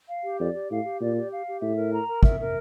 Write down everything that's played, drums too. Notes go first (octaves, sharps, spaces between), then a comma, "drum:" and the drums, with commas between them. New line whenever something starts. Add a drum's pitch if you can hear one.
F5
G4
F2 D5
G4
A2 F5
G4
A#2 D5
G4
F5
G4
A2 E5
A#4
A#5
A#4
E5, drum: kick
A#4